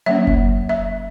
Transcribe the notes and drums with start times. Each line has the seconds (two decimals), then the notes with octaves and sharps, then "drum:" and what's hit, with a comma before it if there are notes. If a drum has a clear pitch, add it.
0.06 F#3 A#3 C#4 E5
0.27 drum: kick F#1
0.69 E5